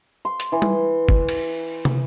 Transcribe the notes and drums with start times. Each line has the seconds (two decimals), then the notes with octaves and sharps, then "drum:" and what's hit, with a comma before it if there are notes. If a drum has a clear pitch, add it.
0.25 C6
0.40 drum: hi-hat
0.52 E3
0.62 drum: tom G3
1.09 drum: kick
1.29 drum: cymbal
1.85 drum: tom